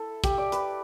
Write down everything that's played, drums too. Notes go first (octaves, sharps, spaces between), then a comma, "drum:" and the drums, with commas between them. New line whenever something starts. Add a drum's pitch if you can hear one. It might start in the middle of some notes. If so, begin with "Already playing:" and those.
Already playing: E4 A4
G4, drum: kick, hi-hat
D5
B4, drum: hi-hat